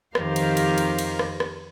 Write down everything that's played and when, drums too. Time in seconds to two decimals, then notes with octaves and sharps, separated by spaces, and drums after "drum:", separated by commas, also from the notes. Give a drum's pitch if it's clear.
0.15 F2 D#3 G4 A#4 C5 F5, drum: rim click
0.36 drum: cymbal
0.57 drum: cymbal
0.78 drum: cymbal
0.99 drum: cymbal
1.19 drum: rim click
1.40 drum: rim click